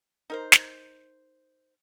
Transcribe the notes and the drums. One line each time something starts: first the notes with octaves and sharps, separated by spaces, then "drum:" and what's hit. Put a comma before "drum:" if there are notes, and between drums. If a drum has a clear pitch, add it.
D#4 A#4 C5
drum: snare